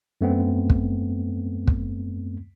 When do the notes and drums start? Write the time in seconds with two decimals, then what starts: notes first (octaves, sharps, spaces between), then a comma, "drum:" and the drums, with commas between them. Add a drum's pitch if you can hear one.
0.21 F#2 A3 B3 C4
0.70 drum: kick
1.67 drum: kick